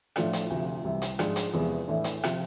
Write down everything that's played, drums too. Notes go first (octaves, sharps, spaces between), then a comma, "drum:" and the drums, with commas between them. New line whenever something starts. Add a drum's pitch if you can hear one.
A2 F3 A3 D4, drum: rim click
drum: hi-hat
D2 C3 F3
C2 C3 E3
drum: hi-hat
G#2 F3 G#3 D4, drum: rim click
drum: hi-hat
E2 C3 F3 G#3 B3
A2 E3 A3 D4
drum: hi-hat
C3 F3, drum: rim click